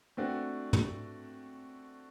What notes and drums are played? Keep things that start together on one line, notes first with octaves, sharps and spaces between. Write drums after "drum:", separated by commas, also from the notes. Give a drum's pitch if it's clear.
A3 C4 D4 F#4
drum: tom